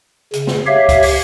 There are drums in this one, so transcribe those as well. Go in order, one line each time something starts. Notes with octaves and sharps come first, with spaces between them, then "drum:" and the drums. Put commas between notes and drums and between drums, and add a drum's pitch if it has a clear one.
C#3, drum: hi-hat
drum: snare
G4 C#5 E5 F5
drum: kick C#2, hi-hat
drum: open hi-hat